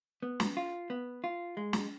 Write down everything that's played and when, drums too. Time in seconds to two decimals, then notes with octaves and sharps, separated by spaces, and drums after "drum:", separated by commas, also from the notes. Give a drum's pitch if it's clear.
0.23 B3
0.40 drum: snare
0.57 F4
0.90 B3
1.24 F4
1.57 G#3
1.73 drum: snare